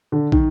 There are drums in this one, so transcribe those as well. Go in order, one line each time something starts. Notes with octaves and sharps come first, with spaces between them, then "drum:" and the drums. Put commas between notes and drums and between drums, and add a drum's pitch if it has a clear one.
D3
D#3, drum: kick